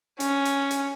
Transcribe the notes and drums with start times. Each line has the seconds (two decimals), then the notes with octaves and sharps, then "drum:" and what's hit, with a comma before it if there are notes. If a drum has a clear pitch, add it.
0.20 C#4, drum: hi-hat
0.45 drum: hi-hat
0.71 drum: hi-hat